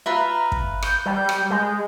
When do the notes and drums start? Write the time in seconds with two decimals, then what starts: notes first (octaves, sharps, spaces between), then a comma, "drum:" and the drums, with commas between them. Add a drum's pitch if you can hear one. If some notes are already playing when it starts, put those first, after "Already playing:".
0.06 F4 B4 E5 A#5
0.52 drum: kick
0.82 G6, drum: rim click
1.06 G3
1.29 drum: rim click
1.50 G#3